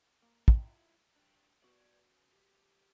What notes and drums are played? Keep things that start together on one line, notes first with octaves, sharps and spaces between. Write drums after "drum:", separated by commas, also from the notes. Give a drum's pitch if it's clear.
A#3
E4 F4 G5, drum: kick
D4 G4
B3 F#4 B4 D5
C#3
G4